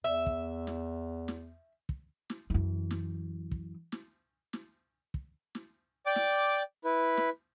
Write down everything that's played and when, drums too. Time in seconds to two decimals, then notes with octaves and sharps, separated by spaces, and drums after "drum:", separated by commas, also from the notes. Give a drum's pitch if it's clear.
0.04 E2 E5
0.26 drum: kick
0.67 drum: snare
1.28 drum: snare
1.89 drum: kick
2.30 drum: snare
2.50 F#2 E3
2.91 drum: snare
3.52 drum: kick
3.92 drum: snare
4.53 drum: snare
5.14 drum: kick
5.55 drum: snare
6.06 D5 G5 D6
6.16 drum: snare
6.85 E4 B4
7.17 drum: snare